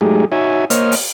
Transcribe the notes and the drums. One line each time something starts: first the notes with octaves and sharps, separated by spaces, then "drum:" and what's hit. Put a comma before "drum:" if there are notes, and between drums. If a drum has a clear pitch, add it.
F#3 G#3 A3 D#4 G4 G#4
D#4 F#4 C#5 E5 G#5
A#3 C5 C#5 D#5 F6, drum: hi-hat
drum: open hi-hat